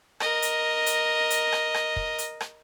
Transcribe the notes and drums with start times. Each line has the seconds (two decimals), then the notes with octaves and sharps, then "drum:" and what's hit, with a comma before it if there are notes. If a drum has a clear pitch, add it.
0.20 A#4 D#5, drum: rim click
0.42 drum: hi-hat
0.86 drum: hi-hat
1.30 drum: hi-hat
1.52 drum: rim click
1.74 drum: rim click
1.96 drum: kick
2.18 drum: hi-hat
2.40 drum: rim click